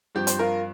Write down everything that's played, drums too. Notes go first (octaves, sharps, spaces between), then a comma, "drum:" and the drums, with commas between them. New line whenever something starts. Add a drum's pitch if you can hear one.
G2 F3 C4 G4
C5, drum: hi-hat
F4 A#4